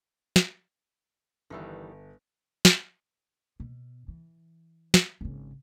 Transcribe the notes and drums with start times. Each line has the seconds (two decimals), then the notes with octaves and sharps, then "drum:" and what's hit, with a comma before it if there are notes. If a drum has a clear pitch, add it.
0.36 drum: snare
1.50 G1 D#3 E3 G3
2.65 drum: snare
3.60 B2
4.08 E3
4.94 drum: snare
5.21 G#1 C#3